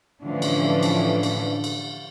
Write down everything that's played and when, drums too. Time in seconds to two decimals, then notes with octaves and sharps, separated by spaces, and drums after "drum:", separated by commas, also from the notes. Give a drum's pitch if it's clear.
0.22 A2 D3 E3 F3 C#4 D4
0.42 drum: cymbal
0.83 drum: cymbal
1.23 drum: cymbal
1.64 drum: cymbal